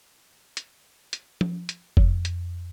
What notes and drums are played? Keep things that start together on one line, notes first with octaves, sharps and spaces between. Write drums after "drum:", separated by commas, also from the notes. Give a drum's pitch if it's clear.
drum: hi-hat
drum: hi-hat
drum: tom F3
drum: hi-hat
F2, drum: kick F1
drum: hi-hat